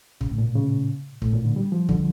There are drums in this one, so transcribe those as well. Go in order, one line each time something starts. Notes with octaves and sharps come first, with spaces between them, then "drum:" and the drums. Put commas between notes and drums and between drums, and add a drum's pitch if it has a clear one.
C#3, drum: kick
A2
A#2
C#3
A2, drum: kick
A#2
D3
G3
F3
D3, drum: kick